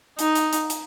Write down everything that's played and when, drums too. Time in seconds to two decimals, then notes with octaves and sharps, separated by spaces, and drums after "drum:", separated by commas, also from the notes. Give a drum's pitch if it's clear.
0.19 D#4, drum: hi-hat
0.35 drum: hi-hat
0.53 drum: hi-hat
0.70 drum: hi-hat